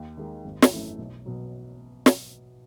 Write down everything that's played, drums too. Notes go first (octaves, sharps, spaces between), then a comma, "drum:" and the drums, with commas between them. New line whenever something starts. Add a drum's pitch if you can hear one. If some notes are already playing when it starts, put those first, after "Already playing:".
Already playing: D#2
D#3 G#3 D#4
G#1
drum: snare
F#2 E3 A3 E4
B1
B2 F#3
drum: snare